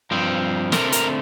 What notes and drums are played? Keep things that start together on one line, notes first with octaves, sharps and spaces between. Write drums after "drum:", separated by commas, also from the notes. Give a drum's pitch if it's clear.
G2 F3 C4
D3 A3 C4 A#4, drum: snare
A#4, drum: hi-hat